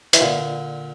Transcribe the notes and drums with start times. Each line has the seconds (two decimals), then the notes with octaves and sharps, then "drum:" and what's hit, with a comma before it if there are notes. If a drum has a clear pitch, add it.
0.13 E3, drum: hi-hat
0.20 A#2 D3